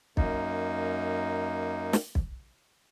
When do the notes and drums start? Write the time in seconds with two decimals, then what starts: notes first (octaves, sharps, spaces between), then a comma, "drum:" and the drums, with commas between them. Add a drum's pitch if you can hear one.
0.17 F#2 A#3 D#4, drum: kick
1.93 drum: snare
2.15 drum: kick